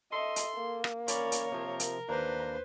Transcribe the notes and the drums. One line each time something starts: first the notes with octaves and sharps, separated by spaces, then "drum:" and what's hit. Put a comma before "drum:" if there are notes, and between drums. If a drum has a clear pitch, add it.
A4 D#5 E5 C6
drum: hi-hat
A#3
drum: rim click
C#4 A#4 C#5 D5 B5, drum: hi-hat
drum: hi-hat
C3 F3
drum: hi-hat
D#2 A#3 D4 B4 C5 A#5